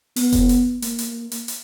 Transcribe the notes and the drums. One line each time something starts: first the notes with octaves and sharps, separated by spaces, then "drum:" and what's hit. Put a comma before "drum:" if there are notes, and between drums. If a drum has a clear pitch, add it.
B3, drum: open hi-hat
drum: kick F1, hi-hat
drum: hi-hat
A#3, drum: hi-hat
drum: hi-hat
drum: hi-hat
drum: hi-hat